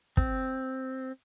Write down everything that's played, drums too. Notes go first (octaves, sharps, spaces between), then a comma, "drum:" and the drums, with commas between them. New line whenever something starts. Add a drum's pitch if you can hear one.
C4, drum: kick